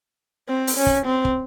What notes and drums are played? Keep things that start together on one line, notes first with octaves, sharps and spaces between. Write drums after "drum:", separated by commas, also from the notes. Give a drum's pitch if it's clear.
C4
drum: open hi-hat
C#4
drum: kick
C4
drum: kick